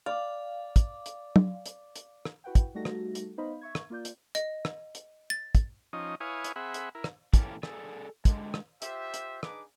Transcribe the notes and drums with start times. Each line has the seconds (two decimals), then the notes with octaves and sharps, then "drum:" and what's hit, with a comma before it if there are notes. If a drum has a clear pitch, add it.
0.06 D5 F5
0.76 drum: kick, hi-hat
1.06 drum: hi-hat
1.36 drum: tom
1.66 drum: hi-hat
1.96 drum: hi-hat
2.25 drum: rim click
2.44 E4 F#4 B4 F#5 G5
2.55 drum: kick, hi-hat
2.74 G3 A3 D#4 F#4 A4 A#6
2.85 drum: rim click
3.15 drum: hi-hat
3.38 B3 D#4 C5 D#5 F5 B5
3.61 E5 C#6 G#6
3.75 drum: rim click
3.90 A#3 F4 D5 G6
4.05 drum: hi-hat
4.35 D#5, drum: hi-hat
4.65 drum: rim click
4.95 drum: hi-hat
5.30 A6
5.55 drum: kick, hi-hat
5.93 F3 C#4 D#4 D#5
6.20 E4 B4 C#5 F5 G#5 D#6
6.44 drum: hi-hat
6.56 C4 G#4 E5 F#5 B5
6.74 drum: hi-hat
6.95 E4 A#4
7.04 drum: rim click
7.34 A#2 E3 A#3 C#4 G4 A4, drum: kick, hi-hat
7.63 G#4 A4 D5 G#5, drum: rim click
8.25 D3 G#3, drum: kick, hi-hat
8.54 drum: rim click
8.82 F4 G4 C5 E5, drum: hi-hat
9.14 drum: hi-hat
9.43 D4 D#4 G#4 B4 D6, drum: rim click